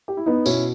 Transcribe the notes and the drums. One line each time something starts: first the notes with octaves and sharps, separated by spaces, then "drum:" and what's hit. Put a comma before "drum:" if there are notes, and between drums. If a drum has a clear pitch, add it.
G4
E4
B3 D#4
B2 C#4 E4, drum: tambourine